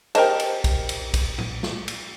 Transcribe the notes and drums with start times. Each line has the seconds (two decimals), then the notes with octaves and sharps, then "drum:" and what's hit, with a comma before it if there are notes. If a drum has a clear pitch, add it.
0.15 G4 A#4 C5 D#5 A5, drum: cymbal
0.40 drum: cymbal
0.64 drum: kick B1, cymbal
0.89 drum: cymbal
1.14 drum: kick B1, cymbal
1.38 drum: tom A2
1.63 drum: snare
1.88 drum: cymbal